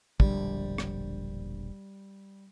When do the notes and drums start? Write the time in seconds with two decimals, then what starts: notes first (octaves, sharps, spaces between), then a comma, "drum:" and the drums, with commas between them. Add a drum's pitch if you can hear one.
0.20 E1 A#1 D3 G3, drum: kick
0.78 drum: rim click